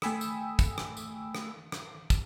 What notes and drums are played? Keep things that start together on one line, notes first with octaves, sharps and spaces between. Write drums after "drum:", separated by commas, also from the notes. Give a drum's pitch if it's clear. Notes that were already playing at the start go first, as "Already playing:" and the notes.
A3 G5 G#5 B5 D#6 E6, drum: rim click
drum: tambourine
drum: kick, tambourine
drum: rim click
drum: tambourine
drum: rim click
drum: rim click
drum: kick, tambourine